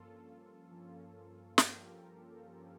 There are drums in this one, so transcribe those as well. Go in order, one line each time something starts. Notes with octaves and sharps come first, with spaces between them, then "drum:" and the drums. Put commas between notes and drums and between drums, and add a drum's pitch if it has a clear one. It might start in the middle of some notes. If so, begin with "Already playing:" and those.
Already playing: G2 F3 A#3 C#4 F4 A4
G2 F3 A#3 C#4
G2 F3 A#3 C#4 G4 A#4, drum: snare
G2 F3 A#3 C#4